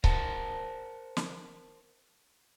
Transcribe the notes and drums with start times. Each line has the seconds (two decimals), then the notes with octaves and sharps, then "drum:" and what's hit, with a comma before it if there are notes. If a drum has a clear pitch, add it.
0.04 A#4 C5 F#5 A5, drum: kick C#1
1.17 drum: snare